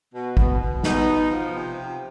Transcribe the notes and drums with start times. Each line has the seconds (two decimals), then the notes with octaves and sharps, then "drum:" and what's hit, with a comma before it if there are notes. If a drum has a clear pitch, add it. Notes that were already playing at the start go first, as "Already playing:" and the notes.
0.14 B2
0.37 B2 B3, drum: kick A1
0.60 B2
0.83 B3 D#4, drum: snare
1.08 B2
1.31 F3
1.55 C3
1.78 F3